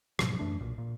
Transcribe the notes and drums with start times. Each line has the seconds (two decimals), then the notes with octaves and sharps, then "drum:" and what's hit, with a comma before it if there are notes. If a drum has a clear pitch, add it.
0.19 G#2 B2 F3 F#3, drum: rim click
0.39 F#2 E3 A3 D4
0.59 B1 A#2
0.78 A#2